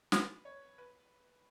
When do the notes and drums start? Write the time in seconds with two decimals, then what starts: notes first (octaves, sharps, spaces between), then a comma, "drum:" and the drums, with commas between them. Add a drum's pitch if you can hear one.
0.12 B4, drum: snare
0.45 C#5
0.78 B4